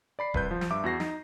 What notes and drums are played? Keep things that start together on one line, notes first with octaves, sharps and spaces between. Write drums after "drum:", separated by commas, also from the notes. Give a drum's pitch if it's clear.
D5 B5 C7
C2 B4 G6, drum: kick D#1
F3
drum: snare
G2 E5 D6
E2 F#4 A#6 C7
D#4, drum: snare